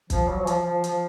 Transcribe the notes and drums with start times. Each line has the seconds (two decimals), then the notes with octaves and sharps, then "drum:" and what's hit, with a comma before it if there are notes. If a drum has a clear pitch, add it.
0.10 F3, drum: kick, hi-hat
0.28 F#3
0.39 F#3
0.47 F3, drum: hi-hat
0.65 F3
0.84 F3, drum: hi-hat